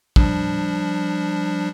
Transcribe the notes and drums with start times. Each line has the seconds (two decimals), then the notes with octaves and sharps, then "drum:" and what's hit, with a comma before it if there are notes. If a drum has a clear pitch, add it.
0.16 F3 G3 D4, drum: kick